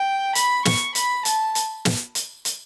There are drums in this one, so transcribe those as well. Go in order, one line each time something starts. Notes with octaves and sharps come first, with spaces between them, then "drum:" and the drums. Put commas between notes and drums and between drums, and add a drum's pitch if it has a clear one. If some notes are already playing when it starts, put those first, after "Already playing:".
Already playing: G5
B5, drum: hi-hat
C#6, drum: snare
B5, drum: hi-hat
A5, drum: hi-hat
drum: hi-hat
drum: snare
drum: hi-hat
drum: hi-hat